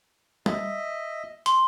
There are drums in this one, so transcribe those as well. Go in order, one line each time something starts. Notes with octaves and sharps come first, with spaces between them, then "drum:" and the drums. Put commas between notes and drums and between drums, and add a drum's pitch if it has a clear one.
D#5 E5, drum: tom
C6, drum: hi-hat